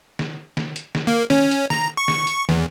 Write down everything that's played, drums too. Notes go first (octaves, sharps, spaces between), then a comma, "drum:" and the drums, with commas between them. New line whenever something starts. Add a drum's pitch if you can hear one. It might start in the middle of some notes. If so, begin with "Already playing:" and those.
drum: snare
drum: snare
drum: hi-hat
drum: snare
A#3
C#4, drum: snare
drum: hi-hat
A#5, drum: snare
C#6
drum: snare
drum: hi-hat
E2, drum: snare